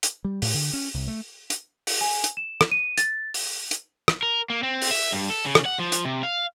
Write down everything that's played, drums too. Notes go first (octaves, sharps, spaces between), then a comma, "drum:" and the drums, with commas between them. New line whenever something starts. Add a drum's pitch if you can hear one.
drum: hi-hat
G3
A2, drum: open hi-hat
D3
C#4
C2
A3
drum: hi-hat
drum: open hi-hat
G#5
drum: hi-hat
E7
drum: rim click
D#7
A6, drum: hi-hat
drum: open hi-hat
drum: hi-hat
drum: rim click
A#4
A#3
C4
drum: open hi-hat
E5
G2
A4
C#3
drum: rim click
F#5
F3
drum: hi-hat
C3
F5